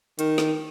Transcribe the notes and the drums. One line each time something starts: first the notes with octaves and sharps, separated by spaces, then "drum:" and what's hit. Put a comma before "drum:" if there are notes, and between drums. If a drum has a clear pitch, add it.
D#3, drum: hi-hat
drum: snare